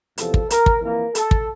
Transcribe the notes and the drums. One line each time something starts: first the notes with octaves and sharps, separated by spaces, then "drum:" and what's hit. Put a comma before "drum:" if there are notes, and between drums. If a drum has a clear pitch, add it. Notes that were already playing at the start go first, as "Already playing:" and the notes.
E2 C3 F3 A4, drum: hi-hat
drum: kick
A#4, drum: hi-hat
drum: kick
F2 E3 A#3 A#4
A4, drum: hi-hat
drum: kick